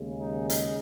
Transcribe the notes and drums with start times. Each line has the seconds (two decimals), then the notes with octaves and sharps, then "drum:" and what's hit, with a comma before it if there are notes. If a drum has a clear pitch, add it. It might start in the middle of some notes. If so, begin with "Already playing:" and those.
Already playing: D#2 C#3 G#3
0.20 D#4
0.50 D#4, drum: hi-hat